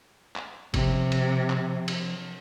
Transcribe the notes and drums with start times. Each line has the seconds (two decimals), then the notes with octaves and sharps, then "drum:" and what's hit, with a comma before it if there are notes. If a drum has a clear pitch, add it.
0.36 drum: clap
0.74 C3 F3, drum: kick G1, cymbal
1.12 drum: cymbal
1.50 drum: clap
1.88 drum: cymbal